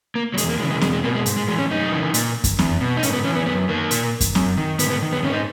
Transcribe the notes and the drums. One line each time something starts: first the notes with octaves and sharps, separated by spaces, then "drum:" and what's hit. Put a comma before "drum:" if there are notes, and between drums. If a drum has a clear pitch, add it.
A#3
F#3
E2 G#3, drum: hi-hat
A#3
C#3 E3 G#3
G#3
E2 G#3, drum: snare C4
G#3
B2 A#3
G#3
G#2, drum: hi-hat
G#3
E3 G#3
C#4
F#2 D#4
C#3 E3
A#2, drum: hi-hat
drum: kick F#2, hi-hat
E2, drum: snare C4
B2
D#4
G#2 C#4, drum: hi-hat
B3
E3 C#4
B3
F#2 B3
D#3 A#3
A#2, drum: hi-hat
drum: kick F#2, hi-hat
F#2, drum: snare C4
D#3
G#2 B3, drum: hi-hat
B3
D#3
B3
G#2 C#4
D#4